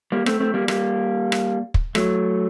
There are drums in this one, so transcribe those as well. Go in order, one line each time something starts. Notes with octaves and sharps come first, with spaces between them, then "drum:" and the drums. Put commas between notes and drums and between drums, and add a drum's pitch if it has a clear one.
G3 A#3
A3 C4, drum: rim click
A3 C4
G3 A#3
G3 A#3, drum: rim click
drum: rim click
drum: kick
F#3 A3, drum: rim click